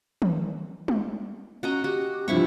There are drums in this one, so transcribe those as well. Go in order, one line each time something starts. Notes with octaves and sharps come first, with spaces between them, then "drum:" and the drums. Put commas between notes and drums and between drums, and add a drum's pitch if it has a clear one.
drum: tom
drum: tom G3
C#4 F#4 D#5 A#5
F#4 G4
G2 C3 E3 F3 E4 C#6